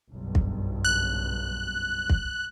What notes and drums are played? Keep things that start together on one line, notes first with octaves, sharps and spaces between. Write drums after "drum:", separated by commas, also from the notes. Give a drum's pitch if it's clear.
F#1 B1 G2
drum: kick
F#6
drum: kick